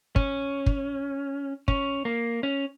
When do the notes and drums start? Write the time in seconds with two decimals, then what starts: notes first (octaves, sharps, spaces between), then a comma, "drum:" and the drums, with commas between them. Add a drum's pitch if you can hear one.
0.16 C#4, drum: kick
0.66 drum: kick
1.68 C#4, drum: kick
2.05 A#3
2.43 C#4